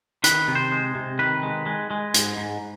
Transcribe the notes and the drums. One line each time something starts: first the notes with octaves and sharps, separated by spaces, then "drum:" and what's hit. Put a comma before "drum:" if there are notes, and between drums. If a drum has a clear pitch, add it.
D#3 B4, drum: hi-hat
C3
C5
G#3
C3
D#3 B4
G#3
G#3
G#3
G#2, drum: hi-hat
G#2